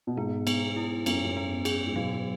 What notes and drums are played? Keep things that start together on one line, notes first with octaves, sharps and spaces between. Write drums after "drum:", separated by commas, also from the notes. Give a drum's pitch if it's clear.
B2
G#2 B3
B3, drum: cymbal
E4
F#2 B3, drum: cymbal
F#2
B3
G#4, drum: cymbal
G#2
B2 F#3